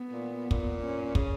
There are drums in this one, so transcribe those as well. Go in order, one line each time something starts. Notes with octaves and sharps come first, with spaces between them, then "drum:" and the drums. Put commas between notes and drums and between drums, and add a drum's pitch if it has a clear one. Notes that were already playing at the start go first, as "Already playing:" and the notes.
Already playing: B3
A#2
A#2, drum: kick
C#4
C#3, drum: kick